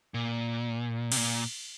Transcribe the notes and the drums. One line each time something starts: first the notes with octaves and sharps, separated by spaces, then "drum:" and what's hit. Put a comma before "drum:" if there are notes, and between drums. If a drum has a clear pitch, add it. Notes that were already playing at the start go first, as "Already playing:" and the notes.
A#2
C3, drum: cymbal
A#2